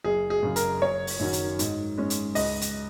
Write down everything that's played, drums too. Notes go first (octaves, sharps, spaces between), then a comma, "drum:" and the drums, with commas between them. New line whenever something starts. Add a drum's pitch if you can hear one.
F#1 G#4
G#4
F#2 C#3
A#4, drum: hi-hat
F#1 C#5
drum: open hi-hat
F#2 D#3 F#3
drum: hi-hat
G#2, drum: hi-hat
G#3 C#4
drum: hi-hat
C#2 D#5, drum: open hi-hat
drum: hi-hat